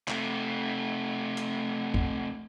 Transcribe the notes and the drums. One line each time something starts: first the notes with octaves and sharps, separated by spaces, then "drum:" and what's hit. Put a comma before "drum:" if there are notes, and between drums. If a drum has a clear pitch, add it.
C3 A3, drum: clap
drum: hi-hat
drum: kick